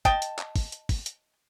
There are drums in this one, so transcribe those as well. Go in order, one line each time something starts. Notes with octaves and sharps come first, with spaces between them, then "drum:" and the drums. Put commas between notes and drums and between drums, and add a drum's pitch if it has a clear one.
D#5 G5 A5, drum: kick, hi-hat
drum: hi-hat
drum: clap
drum: kick, open hi-hat
drum: hi-hat
drum: kick, open hi-hat
drum: hi-hat